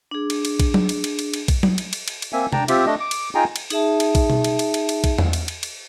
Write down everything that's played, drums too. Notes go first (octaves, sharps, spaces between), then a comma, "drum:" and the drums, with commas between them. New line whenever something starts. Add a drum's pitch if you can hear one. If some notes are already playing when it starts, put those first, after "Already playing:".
D4 G#4
drum: cymbal
drum: cymbal
drum: kick A#1, cymbal
drum: tom F#3
drum: cymbal
drum: cymbal
drum: cymbal
drum: cymbal
drum: kick A#1, cymbal
drum: tom F#3
drum: cymbal
drum: cymbal
drum: cymbal
drum: cymbal
A#3 C4 E5 G#5
D4 G5 A5 A#5, drum: tom C3
C4 F4 G4 E5, drum: cymbal
A3 D4 D#5
D6
drum: cymbal
D#4 F4 G#4 G5 G#5 A#5
drum: cymbal
D#4 G#4 E5 A5, drum: cymbal
drum: cymbal
drum: kick A#1, cymbal
drum: tom B2
drum: cymbal
drum: cymbal
drum: cymbal
drum: cymbal
drum: kick A#1, cymbal
drum: tom E2
drum: cymbal
drum: cymbal
drum: cymbal